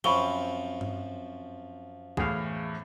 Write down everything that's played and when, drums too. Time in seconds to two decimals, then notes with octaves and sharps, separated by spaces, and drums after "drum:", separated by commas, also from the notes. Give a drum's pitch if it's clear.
0.04 F#2 F3 C4 B5 C#6 G7
0.81 drum: tom G2
2.17 E2 A2 G#4 F5, drum: kick